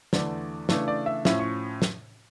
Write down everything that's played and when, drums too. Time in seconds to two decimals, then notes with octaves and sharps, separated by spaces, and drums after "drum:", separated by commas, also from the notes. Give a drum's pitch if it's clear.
0.13 E2 D3 A3 D5, drum: snare
0.69 C#3 E3 A3 D4 C#5, drum: snare
0.88 D5
1.06 E5
1.25 A2 F3 C#4 E5, drum: snare
1.39 C#6
1.82 drum: snare